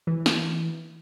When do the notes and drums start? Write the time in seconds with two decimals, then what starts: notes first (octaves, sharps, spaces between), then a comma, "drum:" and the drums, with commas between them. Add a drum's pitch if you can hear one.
0.07 E3
0.26 drum: snare